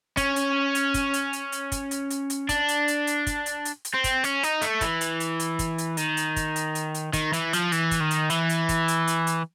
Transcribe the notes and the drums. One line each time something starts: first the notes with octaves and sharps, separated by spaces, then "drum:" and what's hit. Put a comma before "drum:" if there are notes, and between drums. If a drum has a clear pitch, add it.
C#4, drum: kick, hi-hat
drum: hi-hat
drum: hi-hat
drum: kick, hi-hat
drum: hi-hat
drum: hi-hat
drum: hi-hat
drum: kick, hi-hat
drum: hi-hat
drum: hi-hat
drum: hi-hat
D4, drum: kick, hi-hat
drum: hi-hat
drum: hi-hat
drum: hi-hat
drum: kick, hi-hat
drum: hi-hat
drum: hi-hat
drum: hi-hat
C4
drum: kick, hi-hat
C#4, drum: hi-hat
D#4, drum: hi-hat
A3, drum: hi-hat
E3, drum: kick, hi-hat
drum: hi-hat
drum: hi-hat
drum: hi-hat
drum: kick, hi-hat
drum: hi-hat
D#3, drum: hi-hat
drum: hi-hat
drum: kick, hi-hat
drum: hi-hat
drum: hi-hat
drum: hi-hat
D#3, drum: kick, hi-hat
E3, drum: hi-hat
F3, drum: hi-hat
E3, drum: hi-hat
drum: kick, hi-hat
D#3
drum: hi-hat
E3, drum: hi-hat
drum: hi-hat
drum: kick, hi-hat
drum: hi-hat
drum: hi-hat
drum: hi-hat